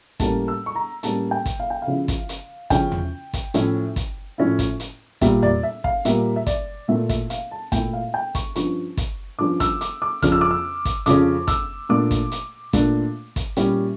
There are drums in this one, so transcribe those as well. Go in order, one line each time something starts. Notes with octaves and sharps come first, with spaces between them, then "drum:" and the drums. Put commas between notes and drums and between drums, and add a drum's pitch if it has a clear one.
A2 G3 A#3 C#4 A5, drum: kick, hi-hat
E6
C#6
A#5
A2 G3 A#3 C#4 A5, drum: hi-hat
G5
drum: kick, hi-hat
F5
G5
F5
C#3 F3 C#4 E4
drum: kick, hi-hat
drum: hi-hat
C#3 F3 C#4 E4 G5, drum: kick, hi-hat
drum: tom E2
drum: kick, hi-hat
A2 F3 C#4 E4, drum: hi-hat
drum: kick, hi-hat
A2 F3 C#4 E4
drum: kick, hi-hat
drum: hi-hat
A#2 G3 A#3 E5, drum: kick, hi-hat
D5, drum: tom E2
E5
F5, drum: kick
A#2 G3 A#3 E5, drum: hi-hat
E5
D5, drum: kick, hi-hat
A#2 A3 E4 E5
E5, drum: kick, hi-hat
F5, drum: hi-hat
A5
A#2 A3 E4 G5, drum: kick, hi-hat
F5
G5
C#6, drum: kick, hi-hat
G2 F3 C#4 C#6, drum: hi-hat
drum: kick, hi-hat
G2 F3 C#4 D6
E6, drum: kick, hi-hat
D6, drum: hi-hat
D6
F2 C#3 F3 C#4 F6, drum: kick, hi-hat
E6
D6
E6
drum: kick, hi-hat
F2 C#3 F3 C#4 D6, drum: hi-hat
E6, drum: kick, hi-hat
A#2 A3 D4 D6
drum: kick, hi-hat
drum: hi-hat
A#2 A3 D4, drum: kick, hi-hat
drum: kick, hi-hat
A#2 G3 C#4 E4, drum: hi-hat